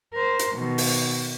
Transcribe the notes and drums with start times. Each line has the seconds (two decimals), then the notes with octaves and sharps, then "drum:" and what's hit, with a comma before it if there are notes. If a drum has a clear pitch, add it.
0.14 A#4 C5
0.39 drum: hi-hat
0.55 B2 D#3
0.78 drum: open hi-hat